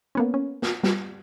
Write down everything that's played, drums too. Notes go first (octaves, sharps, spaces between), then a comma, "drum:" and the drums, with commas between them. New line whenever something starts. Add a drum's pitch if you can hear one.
A#3 B3 C#4
C#4
drum: snare
G3, drum: snare